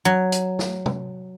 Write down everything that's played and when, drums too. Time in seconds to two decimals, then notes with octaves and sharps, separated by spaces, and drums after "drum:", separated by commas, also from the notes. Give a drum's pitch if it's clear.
0.05 F#3
0.32 drum: hi-hat
0.59 drum: snare
0.86 drum: tom